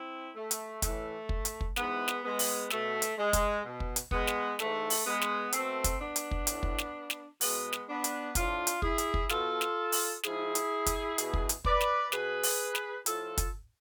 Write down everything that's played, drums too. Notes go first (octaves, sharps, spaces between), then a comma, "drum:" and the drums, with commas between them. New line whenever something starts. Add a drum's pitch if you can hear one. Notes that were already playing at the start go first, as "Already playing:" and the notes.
Already playing: C4 E4
A3
drum: hi-hat
A2 E3 A3, drum: kick, hi-hat
drum: kick
drum: hi-hat
drum: kick
G#2 E3 G#3 B3, drum: snare
drum: snare
G#3 B3
drum: open hi-hat
B2 A3, drum: snare
drum: hi-hat
G#3
drum: kick, hi-hat
B2
drum: kick
drum: hi-hat
G#3 B3, drum: kick
drum: snare
G#2 E3 A3, drum: snare
drum: open hi-hat
G#3 B3
drum: snare
B2 A3 C4, drum: hi-hat
drum: kick, hi-hat
B3 D4
drum: hi-hat
drum: kick
A2 E3, drum: hi-hat
drum: kick
drum: snare
drum: snare
B2 G#3 B3, drum: open hi-hat
drum: snare
B3 D4
drum: hi-hat
A2 F3 D4 F4, drum: kick, hi-hat
drum: hi-hat
E4 G#4, drum: kick
drum: hi-hat
drum: kick
B2 F4 A4, drum: snare
drum: snare
drum: open hi-hat
G#2 F3 E4 G#4, drum: snare
drum: hi-hat
drum: kick, hi-hat
B2, drum: hi-hat
drum: kick
drum: hi-hat
B4 D5, drum: kick
drum: snare
B2 G#4 B4, drum: snare
drum: open hi-hat
drum: snare
A2 F3 F4 A4, drum: hi-hat
drum: kick, hi-hat